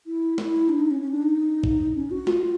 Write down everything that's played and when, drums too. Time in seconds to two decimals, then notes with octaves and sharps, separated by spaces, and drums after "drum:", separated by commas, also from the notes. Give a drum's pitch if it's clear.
0.07 E4
0.38 E4, drum: snare
0.69 D4
0.79 D#4
0.90 C#4
1.01 C#4
1.11 D4
1.22 D#4
1.64 drum: kick
1.96 C#4
2.11 F#4
2.27 F4, drum: snare
2.42 F4